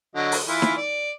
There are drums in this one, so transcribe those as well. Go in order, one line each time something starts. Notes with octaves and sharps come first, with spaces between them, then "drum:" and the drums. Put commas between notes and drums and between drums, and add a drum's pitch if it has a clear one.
D3 F#3 D#5
drum: open hi-hat
E3 E4 F4
drum: snare D#4
D5